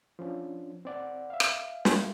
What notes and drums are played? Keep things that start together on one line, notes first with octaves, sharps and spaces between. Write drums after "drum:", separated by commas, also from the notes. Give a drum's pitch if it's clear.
F3 C#4 D4
C4 D5 F#5
E5 F5
drum: rim click
drum: snare